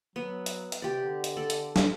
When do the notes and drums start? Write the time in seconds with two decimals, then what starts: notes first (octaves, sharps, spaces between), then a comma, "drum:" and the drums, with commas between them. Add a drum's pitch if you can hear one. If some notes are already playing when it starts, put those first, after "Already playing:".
0.16 F#3 B3
0.46 drum: hi-hat
0.72 drum: hi-hat
0.82 C3 G4 D5
1.03 D3
1.24 drum: hi-hat
1.37 A4 D5
1.50 drum: hi-hat
1.76 D3, drum: snare